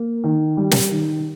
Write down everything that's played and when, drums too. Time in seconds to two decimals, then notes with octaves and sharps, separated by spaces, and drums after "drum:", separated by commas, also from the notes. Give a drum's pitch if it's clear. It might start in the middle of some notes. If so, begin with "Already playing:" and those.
Already playing: A#3
0.24 D#3
0.57 G3
0.71 drum: snare
0.91 D#3